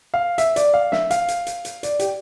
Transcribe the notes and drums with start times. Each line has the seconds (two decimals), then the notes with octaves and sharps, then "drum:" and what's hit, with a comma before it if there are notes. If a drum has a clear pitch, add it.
0.14 F5
0.38 E5, drum: hi-hat
0.56 D5, drum: hi-hat
0.74 F5
0.92 E5, drum: snare
1.11 F5, drum: hi-hat
1.28 drum: hi-hat
1.47 drum: hi-hat
1.65 drum: hi-hat
1.83 D5, drum: hi-hat
1.99 G4, drum: hi-hat